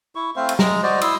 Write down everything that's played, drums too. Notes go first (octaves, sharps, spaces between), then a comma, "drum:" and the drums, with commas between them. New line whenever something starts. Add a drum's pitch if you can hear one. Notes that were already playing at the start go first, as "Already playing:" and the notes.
E4 C#6
A3 C4 C5 F5
drum: cymbal
G#3 A#5, drum: snare
F#4 C5 D5 D#5
E4 C6 D#6 E6, drum: cymbal